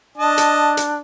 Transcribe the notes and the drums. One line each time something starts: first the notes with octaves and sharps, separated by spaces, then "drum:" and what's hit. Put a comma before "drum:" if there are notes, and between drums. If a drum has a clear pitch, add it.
D4 D#5 A5
drum: hi-hat
drum: hi-hat